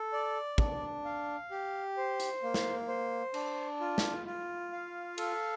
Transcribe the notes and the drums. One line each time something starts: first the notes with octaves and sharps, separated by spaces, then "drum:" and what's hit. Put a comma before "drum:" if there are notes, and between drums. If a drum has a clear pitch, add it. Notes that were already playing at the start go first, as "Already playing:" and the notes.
Already playing: A4
D5
D4, drum: kick
F5
G4
C5
drum: hi-hat
A#3
drum: snare
C5
D4, drum: cymbal
F4
drum: snare
F4
F5
A4, drum: cymbal